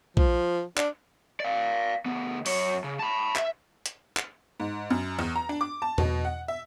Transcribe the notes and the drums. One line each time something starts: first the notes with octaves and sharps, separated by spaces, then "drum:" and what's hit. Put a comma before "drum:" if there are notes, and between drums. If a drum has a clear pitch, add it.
F3, drum: kick
D4, drum: clap
D5 F5
D2 B3
F#2 C#5, drum: open hi-hat
C#3
A5 B5
E5, drum: clap
drum: hi-hat
drum: clap
G#2
F#2
E2
A#5
D4
D6
A5
B2, drum: tom E2
F#5
E5